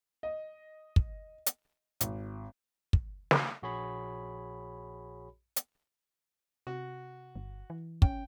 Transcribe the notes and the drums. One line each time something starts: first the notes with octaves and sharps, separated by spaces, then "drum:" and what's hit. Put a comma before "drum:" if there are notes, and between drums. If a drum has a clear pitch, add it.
D#5
drum: kick
drum: hi-hat
G#1, drum: hi-hat
drum: kick
drum: snare
A#1 F#4 G#4 C#5 B5
drum: hi-hat
C3 F#4
G1
E3
C#4 G5, drum: kick